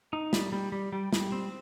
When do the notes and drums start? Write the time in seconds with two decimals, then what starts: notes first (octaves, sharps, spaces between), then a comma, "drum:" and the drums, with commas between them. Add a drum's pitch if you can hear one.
0.13 D#4
0.33 G3, drum: snare
0.52 G3
0.72 G3
0.92 G3
1.13 G3, drum: snare
1.32 C4